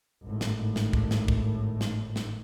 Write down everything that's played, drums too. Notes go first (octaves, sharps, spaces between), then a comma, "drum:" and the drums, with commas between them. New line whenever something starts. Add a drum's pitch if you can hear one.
G#1 A2
drum: snare
drum: snare
drum: kick
drum: snare
drum: kick
drum: snare
drum: snare